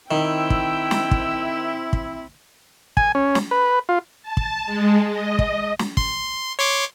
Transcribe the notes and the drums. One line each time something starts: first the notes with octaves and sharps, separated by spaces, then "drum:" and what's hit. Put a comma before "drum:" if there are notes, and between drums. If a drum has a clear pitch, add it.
D#3 C4 E4 G5 E6
drum: kick
drum: snare
drum: kick
drum: kick
G#5, drum: kick
C#4
drum: snare
B4
F4
A5
drum: kick
G#3
D#5
drum: kick
drum: snare
C6, drum: kick
C#5 C6 D6